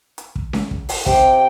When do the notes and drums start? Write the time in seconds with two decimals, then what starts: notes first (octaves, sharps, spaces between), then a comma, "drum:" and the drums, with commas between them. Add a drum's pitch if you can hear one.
0.18 drum: hi-hat
0.36 drum: kick
0.53 drum: snare C#4
0.71 drum: kick
0.89 drum: open hi-hat
1.06 C3 G5, drum: kick